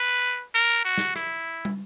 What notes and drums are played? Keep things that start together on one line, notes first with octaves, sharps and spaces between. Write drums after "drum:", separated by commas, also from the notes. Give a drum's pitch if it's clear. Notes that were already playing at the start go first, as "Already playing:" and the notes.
Already playing: B4
A#4
F#4
drum: snare
E4, drum: rim click
drum: tom